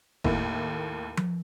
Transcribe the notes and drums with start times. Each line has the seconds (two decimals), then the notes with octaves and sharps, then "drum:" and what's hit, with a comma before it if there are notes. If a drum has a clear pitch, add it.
0.24 D#2 A2 A#3 E4, drum: kick F#1
1.17 drum: tom F3